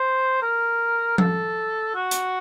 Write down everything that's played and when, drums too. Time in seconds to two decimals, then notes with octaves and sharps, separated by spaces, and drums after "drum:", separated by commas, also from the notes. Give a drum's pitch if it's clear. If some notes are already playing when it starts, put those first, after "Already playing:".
Already playing: C5
0.42 A#4
1.18 A4, drum: tom F3
1.96 F#4
2.11 drum: hi-hat